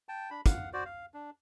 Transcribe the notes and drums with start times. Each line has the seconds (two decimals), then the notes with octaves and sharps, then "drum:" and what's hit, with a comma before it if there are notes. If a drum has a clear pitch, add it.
0.09 G5 A5
0.30 D4 B5
0.46 F5 F#5, drum: kick, hi-hat
0.73 F#4 C5 D5
0.86 F5
1.14 D4